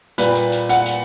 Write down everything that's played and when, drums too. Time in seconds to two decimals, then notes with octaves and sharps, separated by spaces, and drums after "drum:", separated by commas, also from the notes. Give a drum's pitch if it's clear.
0.18 A#2 G3 A#3 B4, drum: hi-hat
0.35 drum: hi-hat
0.52 drum: hi-hat
0.69 F#5, drum: hi-hat
0.86 drum: hi-hat